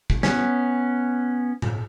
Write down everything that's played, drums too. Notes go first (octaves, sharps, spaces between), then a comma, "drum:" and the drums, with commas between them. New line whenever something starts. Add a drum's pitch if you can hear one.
drum: kick
B3 C#4, drum: snare
drum: tom A2